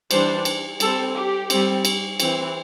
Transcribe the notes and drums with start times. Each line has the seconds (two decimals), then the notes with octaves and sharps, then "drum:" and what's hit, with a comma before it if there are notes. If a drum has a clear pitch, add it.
0.11 E3 G3 D4 C5, drum: cymbal
0.45 drum: cymbal
0.80 G3 C4 A4, drum: cymbal
1.15 G4
1.50 G3 C4, drum: cymbal
1.85 drum: cymbal
2.20 E3 C4, drum: cymbal